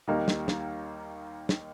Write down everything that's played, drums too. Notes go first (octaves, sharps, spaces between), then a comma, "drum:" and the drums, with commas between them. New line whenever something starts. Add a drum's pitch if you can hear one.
D#2 D#3 G3 A#3 D#4
drum: snare
drum: snare
drum: snare